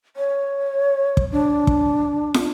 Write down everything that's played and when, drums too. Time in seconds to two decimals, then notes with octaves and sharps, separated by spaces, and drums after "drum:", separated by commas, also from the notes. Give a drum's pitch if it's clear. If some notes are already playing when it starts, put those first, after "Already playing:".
0.16 C#5
1.17 drum: kick
1.32 D4
1.67 drum: kick
2.34 drum: snare